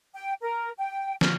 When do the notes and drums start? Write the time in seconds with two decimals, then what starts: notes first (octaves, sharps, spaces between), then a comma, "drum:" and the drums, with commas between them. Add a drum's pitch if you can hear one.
0.13 G5
0.41 A#4
0.77 G5
1.21 F6, drum: snare